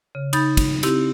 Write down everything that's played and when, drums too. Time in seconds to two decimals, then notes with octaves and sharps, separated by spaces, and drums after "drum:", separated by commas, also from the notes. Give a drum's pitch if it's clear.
0.15 C#3
0.33 D#4 B5 G6 A6, drum: cymbal
0.57 drum: kick, cymbal
0.83 C4 E4 G4, drum: cymbal